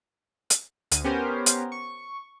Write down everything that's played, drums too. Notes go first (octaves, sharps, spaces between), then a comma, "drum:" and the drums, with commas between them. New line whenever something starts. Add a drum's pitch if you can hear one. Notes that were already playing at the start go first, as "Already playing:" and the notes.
drum: hi-hat
D2 D#7, drum: hi-hat
B3 C#4 G4 A#4 C5
drum: hi-hat
C#6